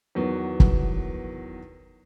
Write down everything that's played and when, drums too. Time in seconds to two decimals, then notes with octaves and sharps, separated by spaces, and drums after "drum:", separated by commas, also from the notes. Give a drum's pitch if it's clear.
0.15 E2 D#3 F#3 B3
0.60 drum: kick